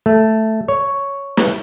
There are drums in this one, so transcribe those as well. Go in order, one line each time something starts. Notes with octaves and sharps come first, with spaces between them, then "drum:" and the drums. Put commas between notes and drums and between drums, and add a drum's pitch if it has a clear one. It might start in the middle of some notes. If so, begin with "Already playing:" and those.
A3
C#5
drum: snare